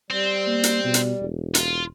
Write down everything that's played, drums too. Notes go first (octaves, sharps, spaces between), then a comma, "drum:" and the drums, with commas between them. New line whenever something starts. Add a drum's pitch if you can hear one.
G3 C4
A#3
drum: hi-hat
B2
drum: hi-hat
E1
F4, drum: hi-hat